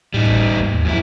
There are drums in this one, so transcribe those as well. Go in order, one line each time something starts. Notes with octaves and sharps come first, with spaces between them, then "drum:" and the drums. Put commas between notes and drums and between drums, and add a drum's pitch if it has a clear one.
A2 G3 D#4
drum: kick
G#2 A#3
D#2
F#2 F3 C#4 E4